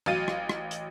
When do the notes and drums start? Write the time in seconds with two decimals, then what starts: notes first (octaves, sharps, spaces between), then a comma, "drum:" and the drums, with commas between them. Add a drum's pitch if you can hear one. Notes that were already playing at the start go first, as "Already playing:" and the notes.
0.06 A1 F#3 F5 A6 D#7
0.28 drum: rim click
0.49 drum: rim click
0.71 drum: hi-hat